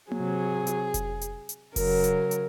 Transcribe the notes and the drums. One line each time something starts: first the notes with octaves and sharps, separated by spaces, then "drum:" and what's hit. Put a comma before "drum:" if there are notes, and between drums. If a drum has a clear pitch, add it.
C3 F#3 G#4, drum: tom A#3
drum: hi-hat
drum: kick F1, hi-hat
drum: hi-hat
drum: hi-hat
C#3 F#3 A#4, drum: kick F1, open hi-hat
drum: hi-hat
drum: hi-hat